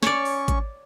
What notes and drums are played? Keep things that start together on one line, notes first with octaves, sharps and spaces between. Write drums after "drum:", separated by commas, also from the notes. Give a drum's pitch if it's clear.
C#4 C#5 D5 C#6, drum: snare
drum: open hi-hat
drum: kick G#1, hi-hat